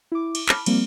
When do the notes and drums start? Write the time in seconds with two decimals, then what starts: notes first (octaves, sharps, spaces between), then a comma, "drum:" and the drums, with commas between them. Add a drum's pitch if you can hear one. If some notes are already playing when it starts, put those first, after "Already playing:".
0.12 E4 D6
0.35 drum: cymbal
0.49 A5 B5 D6 F6, drum: clap
0.66 F3 G3 A#3 C4, drum: cymbal